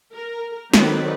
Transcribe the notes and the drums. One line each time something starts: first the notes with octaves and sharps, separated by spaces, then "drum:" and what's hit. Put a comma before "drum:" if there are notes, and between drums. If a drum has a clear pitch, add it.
A#4
D#3 F#3 C4 A4 B4 D5, drum: snare